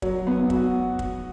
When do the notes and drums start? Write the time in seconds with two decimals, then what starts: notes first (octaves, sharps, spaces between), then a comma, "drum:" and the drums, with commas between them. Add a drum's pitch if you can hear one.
0.02 F#3, drum: kick
0.27 B3
0.50 F#4, drum: kick
0.99 drum: kick